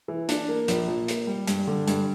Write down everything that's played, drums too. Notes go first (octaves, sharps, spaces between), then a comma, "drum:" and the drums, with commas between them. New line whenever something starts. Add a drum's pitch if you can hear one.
E3
D4, drum: hi-hat
A#3
A#1, drum: hi-hat
A#2
A#3, drum: hi-hat
G3
G2, drum: hi-hat
D3
G2, drum: hi-hat